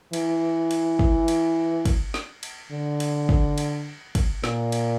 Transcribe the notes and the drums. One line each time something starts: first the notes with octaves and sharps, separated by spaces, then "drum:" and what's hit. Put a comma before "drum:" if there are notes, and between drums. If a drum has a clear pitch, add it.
E3, drum: cymbal
drum: cymbal
drum: kick
drum: cymbal
drum: kick, cymbal
drum: snare
drum: cymbal
D3
drum: cymbal
drum: kick
drum: cymbal
drum: kick, cymbal
A#2, drum: snare
drum: cymbal